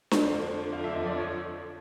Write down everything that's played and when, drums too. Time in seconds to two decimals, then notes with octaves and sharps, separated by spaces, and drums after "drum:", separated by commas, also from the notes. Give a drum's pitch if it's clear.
0.11 drum: snare D4
0.22 F2 D3 F3 C5
0.73 F5
0.84 E5
0.94 D#5
1.06 D5
1.17 C#5